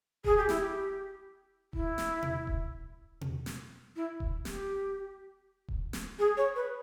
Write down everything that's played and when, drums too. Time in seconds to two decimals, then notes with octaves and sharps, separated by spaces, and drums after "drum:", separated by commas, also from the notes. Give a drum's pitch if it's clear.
0.24 G#4, drum: kick D#1
0.37 G4
0.49 E4, drum: snare
0.61 G4
1.73 E4, drum: kick D#1
1.98 drum: snare
2.23 drum: tom B2
2.47 drum: kick D#1
3.21 drum: tom B2
3.46 drum: snare
3.95 E4
4.20 drum: kick D#1
4.45 G4, drum: snare
5.68 drum: kick D#1
5.93 drum: snare
6.18 G#4
6.37 C#5
6.55 B4